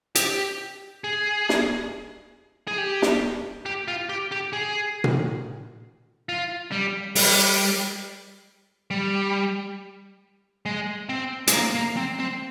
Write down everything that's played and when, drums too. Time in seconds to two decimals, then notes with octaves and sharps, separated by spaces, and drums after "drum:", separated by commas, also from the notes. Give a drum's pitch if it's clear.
0.15 G4, drum: hi-hat
1.04 G#4
1.49 drum: snare
2.68 G#4
2.78 G4
3.02 drum: snare
3.66 G4
3.88 F4
4.09 G4
4.32 G4
4.53 G#4
5.04 drum: tom A#2
6.29 F4
6.72 G3
7.15 G3, drum: open hi-hat
8.91 G3
10.66 G#3
11.09 C4
11.47 G#3, drum: hi-hat
11.53 A#3
11.75 A#3
11.97 C4
12.19 C4